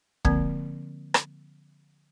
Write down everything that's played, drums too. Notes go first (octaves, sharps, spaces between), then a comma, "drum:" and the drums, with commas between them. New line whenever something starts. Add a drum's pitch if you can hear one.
D3 F3 A#3 C4, drum: kick
drum: rim click